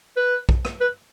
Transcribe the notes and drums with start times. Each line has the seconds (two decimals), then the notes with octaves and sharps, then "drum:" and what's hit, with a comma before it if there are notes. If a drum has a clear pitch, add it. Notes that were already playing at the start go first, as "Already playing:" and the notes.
0.17 B4
0.49 drum: kick
0.65 drum: rim click
0.81 B4